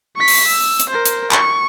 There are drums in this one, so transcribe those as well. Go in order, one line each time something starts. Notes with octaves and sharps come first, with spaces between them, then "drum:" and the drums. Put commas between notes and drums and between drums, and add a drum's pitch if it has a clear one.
C#6 B6
drum: open hi-hat
E6
drum: hi-hat
A#4 C5
drum: hi-hat
C#6, drum: clap